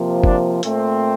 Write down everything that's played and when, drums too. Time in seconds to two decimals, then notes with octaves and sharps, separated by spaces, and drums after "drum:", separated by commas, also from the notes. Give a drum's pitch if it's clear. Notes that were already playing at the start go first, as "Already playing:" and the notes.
Already playing: C3 F3 A#3
0.24 D4, drum: kick
0.63 A#2 A3 C4, drum: hi-hat